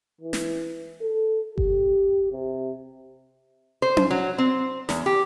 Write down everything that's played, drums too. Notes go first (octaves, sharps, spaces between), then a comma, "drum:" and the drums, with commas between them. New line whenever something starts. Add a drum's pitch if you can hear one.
E3
drum: snare
A4
G4, drum: kick G1
C3
C5
drum: tom C#4
F#3
C4
E2, drum: snare
G4